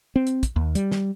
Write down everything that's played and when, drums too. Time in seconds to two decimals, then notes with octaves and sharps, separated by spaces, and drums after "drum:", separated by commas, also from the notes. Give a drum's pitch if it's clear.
0.16 C4
0.27 drum: hi-hat
0.43 drum: kick, hi-hat
0.56 D#2
0.75 G3, drum: hi-hat
0.92 drum: snare